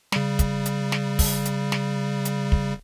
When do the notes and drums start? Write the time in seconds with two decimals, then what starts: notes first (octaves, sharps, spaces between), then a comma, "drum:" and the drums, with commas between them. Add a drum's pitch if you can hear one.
0.12 C#3 G3, drum: snare
0.39 drum: kick, hi-hat
0.66 drum: hi-hat
0.92 drum: snare
1.19 drum: kick, open hi-hat
1.45 drum: hi-hat
1.72 drum: snare
2.25 drum: hi-hat
2.52 drum: kick